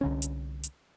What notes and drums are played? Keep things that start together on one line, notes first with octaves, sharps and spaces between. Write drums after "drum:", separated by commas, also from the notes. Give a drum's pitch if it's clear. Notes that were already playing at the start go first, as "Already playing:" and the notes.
C2 D3 C#4
drum: hi-hat
drum: hi-hat